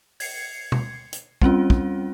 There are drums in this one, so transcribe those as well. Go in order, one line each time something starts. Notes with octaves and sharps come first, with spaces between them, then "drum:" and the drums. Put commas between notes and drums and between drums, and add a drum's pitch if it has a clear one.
G#6 C7 C#7, drum: open hi-hat
drum: tom B2
drum: hi-hat
G3 C4 C#4 F4, drum: kick
drum: kick